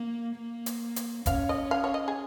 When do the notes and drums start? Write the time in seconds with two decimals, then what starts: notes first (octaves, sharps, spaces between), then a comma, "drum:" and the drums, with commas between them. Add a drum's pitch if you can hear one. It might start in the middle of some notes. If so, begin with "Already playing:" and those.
Already playing: A#3
0.36 A#3
0.66 drum: hi-hat
0.96 drum: hi-hat
1.26 C#4 F5, drum: kick E1, hi-hat
1.49 D#5
1.71 F5
1.84 C#5
1.94 D#5
2.08 G#4